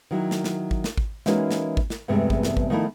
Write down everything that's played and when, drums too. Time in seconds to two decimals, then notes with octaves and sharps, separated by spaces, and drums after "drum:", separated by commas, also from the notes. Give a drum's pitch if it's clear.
0.11 D#3 F#3 E4
0.31 drum: snare
0.44 drum: snare
0.71 drum: kick G#1
0.84 drum: snare
0.97 drum: kick G#1
1.26 E3 G#3 A#3 C#4 D#4 F#4, drum: snare
1.51 drum: snare
1.77 drum: kick G#1
1.90 drum: snare
2.08 E2 G2 C3 G#3 A3
2.30 drum: kick G#1
2.43 drum: snare
2.57 drum: kick G#1
2.70 D#3 F3 A3 D#4 E4